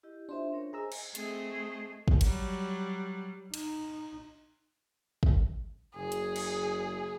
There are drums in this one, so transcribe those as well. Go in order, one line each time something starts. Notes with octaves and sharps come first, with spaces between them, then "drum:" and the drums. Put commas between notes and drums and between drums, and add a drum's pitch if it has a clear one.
E4 G4 D#5
D4 F4 C5 E5 C6
C#4 A#4 C#5
G#4 C5 D#5 G#5 A#5 E6
drum: cymbal
A3 C4 G#4 D#5, drum: hi-hat
drum: kick
F#3 G3, drum: cymbal
D#4, drum: cymbal
drum: kick
F#1 G#4
drum: hi-hat
drum: cymbal